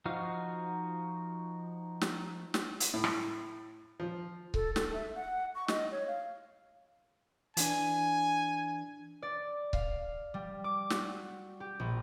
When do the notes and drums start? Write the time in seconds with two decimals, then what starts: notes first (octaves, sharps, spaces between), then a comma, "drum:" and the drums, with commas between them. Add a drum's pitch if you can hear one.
0.06 F3 D#4 F#4 F5
2.01 drum: snare
2.54 drum: snare
2.80 drum: hi-hat
2.94 A2
3.04 drum: rim click
4.00 F3
4.54 A4, drum: kick C#1
4.76 A4, drum: snare
4.93 E5
5.15 F#5
5.55 C#6
5.68 D#5, drum: snare
5.91 C#5
6.07 F5
7.57 E3 D4 G#5, drum: hi-hat
9.22 D5
9.73 F5, drum: kick C#1
10.34 G3
10.64 D6
10.90 F#4, drum: snare
11.60 G4
11.80 A#1